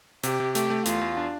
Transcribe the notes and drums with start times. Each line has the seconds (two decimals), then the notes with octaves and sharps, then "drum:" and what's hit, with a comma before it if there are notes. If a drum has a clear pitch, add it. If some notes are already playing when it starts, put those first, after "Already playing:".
0.24 C3 G4, drum: hi-hat
0.40 C3
0.55 A3 G4, drum: hi-hat
0.70 A3
0.86 E2 F4, drum: hi-hat
1.01 E2
1.17 D4